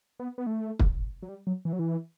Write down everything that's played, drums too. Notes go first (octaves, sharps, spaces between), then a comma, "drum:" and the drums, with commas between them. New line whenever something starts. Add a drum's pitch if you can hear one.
B3
B3
A3
drum: kick
F#3
G3
F#3
E3
F#3
E3